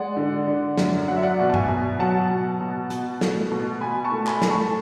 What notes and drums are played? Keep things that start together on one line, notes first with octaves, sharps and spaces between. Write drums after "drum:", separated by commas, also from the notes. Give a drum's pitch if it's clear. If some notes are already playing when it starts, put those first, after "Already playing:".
Already playing: G#3 D5 F#5
D3
D3
F#2, drum: snare
F#3 F#5
E5
D5 F#5
B2
A5
E5 G#5, drum: tom G2
B2
F#3 F#5 A5
B2
B2
B2, drum: hi-hat
A3, drum: snare
B2
B2 G#5 B5
A5 C#6
A3
G#5 B5, drum: clap
A3, drum: snare
A5 C#6